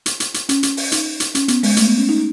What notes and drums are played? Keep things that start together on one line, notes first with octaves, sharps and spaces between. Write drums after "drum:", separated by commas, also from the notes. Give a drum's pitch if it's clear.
drum: hi-hat
drum: hi-hat
drum: hi-hat
C#4, drum: hi-hat
drum: hi-hat
drum: open hi-hat
D#4, drum: hi-hat
drum: hi-hat
C#4, drum: hi-hat
B3, drum: hi-hat
G#3, drum: open hi-hat
A3, drum: hi-hat
B3
C#4
D#4